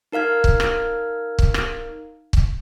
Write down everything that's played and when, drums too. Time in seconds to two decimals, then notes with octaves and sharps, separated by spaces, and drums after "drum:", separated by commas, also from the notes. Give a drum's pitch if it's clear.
0.12 D#4 A#4 F5 F6 G#6
0.44 drum: kick
0.60 drum: rim click
1.39 drum: kick
1.54 drum: rim click
2.33 drum: kick